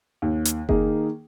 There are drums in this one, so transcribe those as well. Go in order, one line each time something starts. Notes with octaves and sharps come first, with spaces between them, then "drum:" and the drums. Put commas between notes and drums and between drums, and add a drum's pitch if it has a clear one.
D#2
drum: hi-hat
D#3 A#3 D#4 G#4, drum: kick F#1